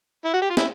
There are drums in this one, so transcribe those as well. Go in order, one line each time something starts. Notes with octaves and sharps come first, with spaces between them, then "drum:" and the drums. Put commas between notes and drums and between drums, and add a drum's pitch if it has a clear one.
E4
F#4
G4
F4
E4, drum: snare